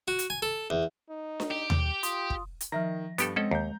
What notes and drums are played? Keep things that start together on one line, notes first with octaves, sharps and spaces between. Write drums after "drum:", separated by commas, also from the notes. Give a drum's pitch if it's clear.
F#4
drum: hi-hat
G#5
A4
E2
D#4
drum: snare D4
G4
drum: tom D#2
F4 C6 D#6, drum: hi-hat
drum: kick
drum: hi-hat
D#3 F3 E5 A#5 A#6
G2 B3 G4 A4, drum: hi-hat
G#3 C4 C#4 A4 D#5
D#2 A#5 G6